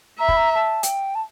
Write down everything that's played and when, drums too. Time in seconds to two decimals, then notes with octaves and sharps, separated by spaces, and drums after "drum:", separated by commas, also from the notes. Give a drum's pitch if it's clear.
0.19 E5 A#5
0.28 B5, drum: kick
0.37 A#5
0.51 A#5
0.56 A5
0.83 G5, drum: hi-hat
1.15 A5